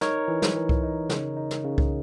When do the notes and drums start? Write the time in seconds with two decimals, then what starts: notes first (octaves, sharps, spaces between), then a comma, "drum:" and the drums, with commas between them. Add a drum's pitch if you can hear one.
0.01 D#4 A#4 C#5, drum: snare
0.28 E3
0.42 drum: snare
0.56 E3
0.69 drum: kick C2
0.83 D#4
1.09 C#3, drum: snare
1.37 D#4
1.51 drum: snare
1.64 C#3
1.78 drum: kick C2